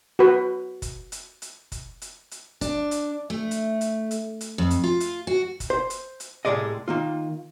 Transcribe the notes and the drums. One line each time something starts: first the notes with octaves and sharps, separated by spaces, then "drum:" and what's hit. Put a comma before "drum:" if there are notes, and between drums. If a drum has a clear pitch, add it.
F#4 B4
drum: kick F#1, hi-hat
drum: hi-hat
drum: hi-hat
drum: kick F#1, hi-hat
drum: hi-hat
drum: hi-hat
D4, drum: kick F#1, hi-hat
drum: hi-hat
A3
drum: hi-hat
drum: hi-hat
drum: hi-hat
drum: hi-hat
F2
drum: hi-hat
F4
drum: hi-hat
F#4
drum: kick F#1, hi-hat
C5
drum: hi-hat
drum: hi-hat
C2 A2 G#3 D5 D#5
D#3 A#3 F4